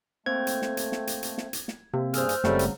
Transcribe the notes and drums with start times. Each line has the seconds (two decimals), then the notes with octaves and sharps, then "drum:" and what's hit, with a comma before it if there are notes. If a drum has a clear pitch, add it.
0.26 A3 A#3 C4 C5 G#6
0.47 drum: hi-hat
0.62 drum: snare
0.77 drum: hi-hat
0.92 drum: snare
1.07 drum: hi-hat
1.23 drum: hi-hat
1.38 drum: snare
1.53 drum: hi-hat
1.68 drum: snare
1.93 C3 A#3
2.14 G2 G#4 C5 E6 F6, drum: hi-hat
2.29 drum: hi-hat
2.44 F#1 C#3 F#3 G3 A3 C4, drum: snare
2.59 drum: hi-hat